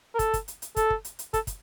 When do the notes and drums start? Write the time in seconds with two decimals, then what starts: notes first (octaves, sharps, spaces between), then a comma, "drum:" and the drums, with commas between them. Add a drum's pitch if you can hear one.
0.15 A#4
0.19 A4, drum: kick, hi-hat
0.34 drum: kick, hi-hat
0.48 drum: hi-hat
0.62 drum: hi-hat
0.77 A4, drum: kick, hi-hat
0.90 drum: kick
1.05 drum: hi-hat
1.19 drum: hi-hat
1.34 A4, drum: kick, hi-hat
1.47 drum: kick, hi-hat